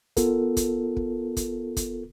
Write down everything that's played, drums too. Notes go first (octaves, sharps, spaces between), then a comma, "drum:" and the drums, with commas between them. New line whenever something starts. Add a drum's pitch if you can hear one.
B3 F4 A4 A#4, drum: kick, hi-hat
drum: kick, hi-hat
drum: kick
drum: kick, hi-hat
drum: kick, hi-hat